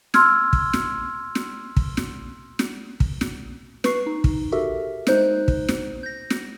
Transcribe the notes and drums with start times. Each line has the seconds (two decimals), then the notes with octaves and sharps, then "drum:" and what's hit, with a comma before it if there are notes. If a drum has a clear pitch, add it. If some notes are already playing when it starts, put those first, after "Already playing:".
0.14 C6 E6 F6 G#6, drum: snare
0.53 drum: kick
0.73 drum: snare
1.35 drum: snare
1.77 drum: kick
1.97 drum: snare
2.59 drum: snare
3.00 drum: kick
3.21 drum: snare
3.84 B4 C#6 C7, drum: snare
4.06 D#4
4.24 drum: kick
4.52 F#4 G4 A4 A#4 E5
5.07 G#3 D#4 C5 F#6 G6, drum: snare
5.48 drum: kick
5.68 drum: snare
6.03 G6 A#6
6.30 drum: snare